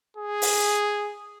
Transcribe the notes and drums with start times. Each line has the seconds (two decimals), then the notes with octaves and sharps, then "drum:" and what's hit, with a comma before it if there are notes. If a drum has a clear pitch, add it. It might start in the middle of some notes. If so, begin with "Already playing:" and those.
0.17 G#4
0.42 drum: open hi-hat